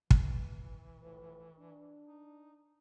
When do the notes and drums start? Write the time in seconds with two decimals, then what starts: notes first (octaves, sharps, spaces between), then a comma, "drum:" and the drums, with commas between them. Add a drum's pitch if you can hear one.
0.11 E3, drum: kick
1.02 A2 F3 B4
1.57 D4
2.08 D#4